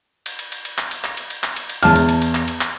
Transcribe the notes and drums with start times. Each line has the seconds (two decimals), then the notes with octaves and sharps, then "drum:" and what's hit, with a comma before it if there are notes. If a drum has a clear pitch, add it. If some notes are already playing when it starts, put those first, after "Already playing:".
0.26 drum: cymbal
0.39 drum: cymbal
0.52 drum: cymbal
0.65 drum: cymbal
0.78 drum: clap
0.91 drum: cymbal
1.04 drum: clap
1.17 drum: cymbal
1.30 drum: cymbal
1.43 drum: clap
1.56 drum: cymbal
1.70 drum: cymbal
1.83 E2 A5 F6, drum: cymbal
1.96 drum: cymbal
2.09 drum: cymbal
2.22 drum: cymbal
2.35 drum: clap
2.48 drum: cymbal
2.61 drum: clap